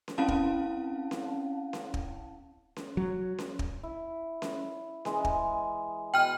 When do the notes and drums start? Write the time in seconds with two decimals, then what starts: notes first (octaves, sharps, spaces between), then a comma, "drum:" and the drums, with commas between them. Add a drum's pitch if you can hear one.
0.08 drum: snare C#4
0.18 C4 C#4 E4 F5 A5
0.28 drum: kick
1.11 drum: snare C#4
1.73 drum: snare C#4
1.94 drum: kick
2.76 drum: snare C#4
2.97 F#3
3.38 drum: snare C#4
3.59 drum: kick
3.83 E4
4.42 drum: snare C#4
5.05 E3 G#3 D#5, drum: snare C#4
5.25 drum: kick
6.14 B2 G5 F6